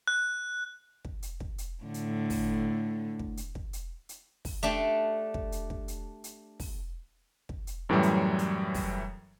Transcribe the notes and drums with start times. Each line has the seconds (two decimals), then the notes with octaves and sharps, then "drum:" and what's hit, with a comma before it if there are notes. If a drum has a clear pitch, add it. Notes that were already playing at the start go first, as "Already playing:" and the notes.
0.07 F#6
1.05 drum: kick
1.22 drum: hi-hat
1.40 drum: kick
1.58 drum: hi-hat
1.83 A2 D3
1.94 drum: hi-hat
2.30 drum: kick, open hi-hat
3.19 drum: kick
3.37 drum: hi-hat
3.55 drum: kick
3.73 drum: hi-hat
4.09 drum: hi-hat
4.45 drum: kick, open hi-hat
4.63 A3 D4 G4
5.34 drum: kick
5.52 drum: hi-hat
5.70 drum: kick
5.88 drum: hi-hat
6.24 drum: hi-hat
6.60 drum: kick, open hi-hat
7.49 drum: kick
7.67 drum: hi-hat
7.89 F#2 A2 E3 F#3 G3
8.03 drum: hi-hat
8.39 drum: hi-hat
8.74 drum: kick, open hi-hat